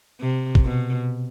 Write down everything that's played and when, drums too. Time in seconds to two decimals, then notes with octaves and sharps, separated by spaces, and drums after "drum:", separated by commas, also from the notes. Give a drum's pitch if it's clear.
0.21 C3
0.55 drum: kick A1
0.64 B2